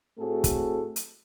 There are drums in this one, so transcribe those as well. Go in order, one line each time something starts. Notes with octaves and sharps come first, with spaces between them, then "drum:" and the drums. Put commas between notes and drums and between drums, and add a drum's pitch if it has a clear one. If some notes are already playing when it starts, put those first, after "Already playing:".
A2 A3 C4 F#4 G#4 A4
drum: kick, hi-hat
drum: hi-hat